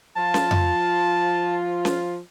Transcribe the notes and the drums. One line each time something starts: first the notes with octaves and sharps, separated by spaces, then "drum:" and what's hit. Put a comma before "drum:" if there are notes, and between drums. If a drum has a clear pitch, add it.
F3 F4 A5
drum: snare C#4
drum: tom F2
drum: snare C#4